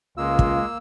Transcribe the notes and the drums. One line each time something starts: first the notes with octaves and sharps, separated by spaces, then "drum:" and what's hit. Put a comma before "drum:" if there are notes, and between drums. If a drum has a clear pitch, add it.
C#2 G#3 A#3 F4 E6
drum: kick